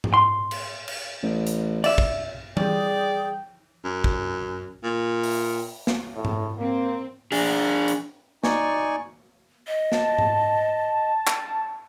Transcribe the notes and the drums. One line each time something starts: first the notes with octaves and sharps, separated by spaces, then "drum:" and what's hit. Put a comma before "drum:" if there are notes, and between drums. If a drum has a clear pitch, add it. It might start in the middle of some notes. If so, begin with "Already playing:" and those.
drum: tom G#2
C6
drum: cymbal
drum: cymbal
A1
drum: hi-hat
D5 E5, drum: cymbal
drum: kick
G3 G#4 D5 G5, drum: tom E3
F#2
drum: kick
A#2
drum: open hi-hat
drum: snare
A2
drum: tom G#2
A#3 C4
D4 G#4, drum: open hi-hat
drum: hi-hat
D#4 D5 G#5 C#6, drum: snare
D#5
A5, drum: snare
drum: tom G#2
drum: clap